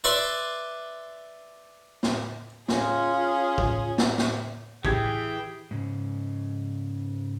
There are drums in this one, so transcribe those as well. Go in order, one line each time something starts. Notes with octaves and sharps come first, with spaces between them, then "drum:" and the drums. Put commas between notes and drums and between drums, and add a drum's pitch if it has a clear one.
B4 D5 E5 C6
drum: snare
C#4 F4 G#4, drum: snare
drum: kick
drum: snare
drum: snare
E3 G4 G#4 G5 G#6, drum: kick
G#2 C#3